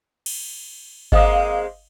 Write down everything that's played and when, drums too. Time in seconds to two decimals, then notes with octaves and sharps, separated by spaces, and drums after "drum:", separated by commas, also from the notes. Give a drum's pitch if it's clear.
0.26 drum: cymbal
1.12 G#3 A#3 C4 D#5 F5 D#6, drum: kick G1